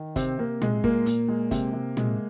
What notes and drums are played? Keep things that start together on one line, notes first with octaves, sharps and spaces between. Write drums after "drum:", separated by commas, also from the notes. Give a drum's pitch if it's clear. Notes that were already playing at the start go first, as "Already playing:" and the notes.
Already playing: D#3
C3 C4, drum: kick, hi-hat
C3 A#3
G#3, drum: tom
A#2 A#3, drum: kick
A#2, drum: hi-hat
G#3
C3, drum: kick, hi-hat
C3
G#3, drum: tom